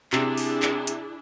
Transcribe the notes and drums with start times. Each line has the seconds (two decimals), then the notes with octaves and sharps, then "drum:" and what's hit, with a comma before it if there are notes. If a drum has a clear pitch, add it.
0.13 C3 D4 E4 G#4, drum: clap
0.37 drum: open hi-hat
0.62 drum: clap
0.87 drum: hi-hat